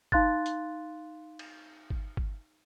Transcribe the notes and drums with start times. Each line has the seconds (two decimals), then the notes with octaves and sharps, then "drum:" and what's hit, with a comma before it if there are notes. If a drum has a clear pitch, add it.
0.12 D#4 F5 C6 F#6 A6, drum: kick G1
0.46 drum: hi-hat
1.39 drum: cymbal
1.90 drum: kick G1
2.17 drum: kick G1